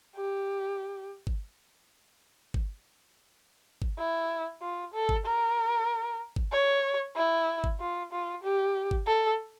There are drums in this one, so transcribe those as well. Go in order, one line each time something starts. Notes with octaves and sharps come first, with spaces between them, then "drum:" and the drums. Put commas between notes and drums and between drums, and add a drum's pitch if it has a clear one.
G4
drum: kick G1
drum: kick G1
drum: kick G1
E4
F4
A4
drum: kick G1
A#4
drum: kick G1
C#5
E4
drum: kick G1
F4
F4
G4
drum: kick G1
A4